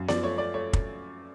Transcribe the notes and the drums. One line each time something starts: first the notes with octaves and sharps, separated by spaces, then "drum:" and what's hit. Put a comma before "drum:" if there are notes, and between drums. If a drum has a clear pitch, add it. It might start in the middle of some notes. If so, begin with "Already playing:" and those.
Already playing: F#2
F3 D5, drum: snare B3
A3 C#5
A3 D5
A3 C#5
drum: kick